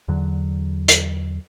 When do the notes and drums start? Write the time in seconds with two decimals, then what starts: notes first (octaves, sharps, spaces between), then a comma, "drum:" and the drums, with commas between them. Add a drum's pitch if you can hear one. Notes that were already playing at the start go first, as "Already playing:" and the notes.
0.08 E2 D3 F#3
0.88 drum: hi-hat